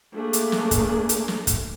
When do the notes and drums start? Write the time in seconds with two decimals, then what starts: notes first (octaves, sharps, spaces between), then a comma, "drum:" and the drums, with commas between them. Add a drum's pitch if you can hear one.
0.14 A3 A#3 D4 G#4
0.33 drum: hi-hat
0.52 drum: snare
0.71 drum: kick, hi-hat
1.09 drum: hi-hat
1.28 drum: snare
1.47 drum: kick, hi-hat